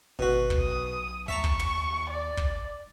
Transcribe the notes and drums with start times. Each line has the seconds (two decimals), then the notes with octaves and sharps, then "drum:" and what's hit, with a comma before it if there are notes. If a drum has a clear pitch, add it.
0.19 G#1 B2 F#4
0.50 drum: kick
0.60 B1 D#6
1.28 D#2 E5 A5 A#5 C#6
1.44 drum: kick
1.59 drum: tom
2.10 D5
2.37 drum: kick